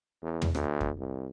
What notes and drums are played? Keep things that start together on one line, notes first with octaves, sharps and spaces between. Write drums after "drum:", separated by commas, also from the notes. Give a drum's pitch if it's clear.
E2
drum: tom
D2, drum: rim click
drum: kick F2
C2